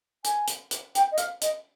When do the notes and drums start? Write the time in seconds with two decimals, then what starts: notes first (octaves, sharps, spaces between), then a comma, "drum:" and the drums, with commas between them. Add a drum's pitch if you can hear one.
0.24 G#5, drum: hi-hat
0.47 drum: hi-hat
0.71 drum: hi-hat
0.95 G5, drum: hi-hat
1.11 D#5
1.17 F5, drum: hi-hat
1.41 D#5, drum: hi-hat